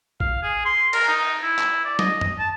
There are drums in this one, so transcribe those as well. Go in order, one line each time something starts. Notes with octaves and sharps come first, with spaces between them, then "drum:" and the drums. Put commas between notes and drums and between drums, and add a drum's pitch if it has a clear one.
F5, drum: kick A#1
G#4
C6
A#4, drum: cymbal
D#4
E4
drum: clap
D5
D#5, drum: snare
drum: tom
A5